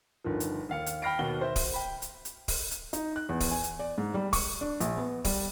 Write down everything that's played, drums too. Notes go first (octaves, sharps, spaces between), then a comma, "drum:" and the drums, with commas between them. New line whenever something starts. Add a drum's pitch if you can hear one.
G1 D#3 F3
drum: hi-hat
D#2 F5 C#7
drum: hi-hat
G5 B5 F6 A#6 C7 D7
D#2 B2 F#4 F#5 G7
C5 E5
drum: kick D1, open hi-hat
G5 B5
drum: hi-hat
drum: hi-hat
drum: kick D1, open hi-hat
drum: hi-hat
D#4, drum: hi-hat
F#6
E2
drum: kick D1, open hi-hat
G#5
drum: hi-hat
D5
G#2
G3
C#6, drum: kick D1, open hi-hat
D4
A#1, drum: hi-hat
B3
G3, drum: kick D1, open hi-hat